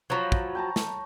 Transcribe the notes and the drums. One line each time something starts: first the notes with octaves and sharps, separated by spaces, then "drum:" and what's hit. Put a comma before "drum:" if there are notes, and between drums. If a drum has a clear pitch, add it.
F3 F#3 C#5 A#5 B5
drum: kick
G5 A5 A#5
drum: snare